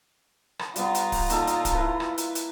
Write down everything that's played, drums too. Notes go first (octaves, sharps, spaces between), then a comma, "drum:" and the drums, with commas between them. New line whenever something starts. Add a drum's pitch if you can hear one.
drum: rim click
G3 B3 F4 A#5, drum: hi-hat
drum: hi-hat
drum: kick D1, open hi-hat
A#2 D#4 A4, drum: hi-hat
drum: hi-hat
drum: kick D1, hi-hat
E4 A#4 B4
drum: rim click
drum: hi-hat
drum: hi-hat